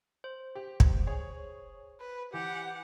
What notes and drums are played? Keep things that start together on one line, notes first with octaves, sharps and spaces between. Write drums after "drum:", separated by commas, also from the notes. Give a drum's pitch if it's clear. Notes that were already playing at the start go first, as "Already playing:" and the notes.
C5
G4
drum: kick
G#4 C#5
B4
E3 G4 F#5